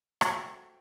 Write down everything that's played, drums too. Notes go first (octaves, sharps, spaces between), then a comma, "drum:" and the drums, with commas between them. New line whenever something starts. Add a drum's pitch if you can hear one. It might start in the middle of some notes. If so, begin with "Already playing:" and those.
F#4 A4 C5 E5 G5, drum: rim click